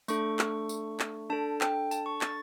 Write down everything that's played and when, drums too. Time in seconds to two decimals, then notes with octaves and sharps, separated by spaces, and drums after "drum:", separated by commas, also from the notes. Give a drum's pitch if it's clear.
0.08 A3 D4 A4 C#6, drum: tambourine
0.39 drum: clap
0.69 drum: tambourine
1.00 drum: clap
1.30 D4 A4 A5
1.61 G5, drum: clap
1.91 A5, drum: tambourine
2.06 C#6
2.21 A6, drum: clap